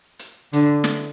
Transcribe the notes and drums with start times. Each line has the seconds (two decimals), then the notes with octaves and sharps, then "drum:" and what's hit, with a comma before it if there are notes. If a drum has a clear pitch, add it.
0.19 drum: hi-hat
0.53 D3, drum: hi-hat
0.84 drum: snare